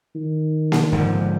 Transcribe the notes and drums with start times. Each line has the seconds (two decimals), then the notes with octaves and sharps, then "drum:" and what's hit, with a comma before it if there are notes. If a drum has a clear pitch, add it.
0.16 D#3
0.72 drum: snare A#3
0.92 G#2 D3 F3